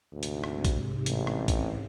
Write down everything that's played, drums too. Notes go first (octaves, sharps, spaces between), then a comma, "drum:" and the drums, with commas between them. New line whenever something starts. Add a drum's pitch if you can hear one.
D2 G#2 C3
drum: hi-hat
drum: rim click
drum: kick A#1, hi-hat
A1, drum: hi-hat
drum: rim click
drum: kick A#1, hi-hat